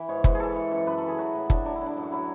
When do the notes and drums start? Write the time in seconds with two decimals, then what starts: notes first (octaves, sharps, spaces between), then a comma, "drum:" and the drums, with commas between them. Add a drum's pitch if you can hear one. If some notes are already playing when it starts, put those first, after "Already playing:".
Already playing: E3
0.09 G#2 C#5
0.24 G#2 B4, drum: kick
0.35 G#4
0.40 E3 A4
0.56 E3
0.72 F#2
0.87 F#2 B4
0.98 A4
1.03 E3
1.08 G#4
1.18 F#3 F#4
1.34 A2
1.50 A2 D4, drum: kick
1.66 F#3 D4
1.76 E4
1.81 D3
1.86 D4
1.97 F#2
2.03 F#4
2.12 F#3 E4